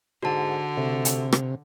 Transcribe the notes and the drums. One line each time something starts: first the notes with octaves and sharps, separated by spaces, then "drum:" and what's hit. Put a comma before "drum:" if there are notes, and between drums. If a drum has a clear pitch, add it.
G#2 D3 F#4 A5
C3 A3
drum: hi-hat
drum: rim click